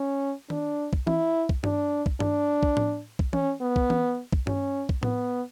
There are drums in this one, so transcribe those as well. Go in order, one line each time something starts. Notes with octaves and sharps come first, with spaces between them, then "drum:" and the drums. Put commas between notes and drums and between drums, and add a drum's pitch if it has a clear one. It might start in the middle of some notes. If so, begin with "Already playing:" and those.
Already playing: C#4
D4, drum: tom D#3
drum: kick
E4, drum: tom E3
drum: kick
D4, drum: tom G2
drum: kick
D4, drum: tom G2
drum: kick
drum: tom A2
drum: kick
C#4, drum: tom E3
B3
drum: kick
drum: tom E3
drum: kick
C#4, drum: tom G2
drum: kick
B3, drum: tom A2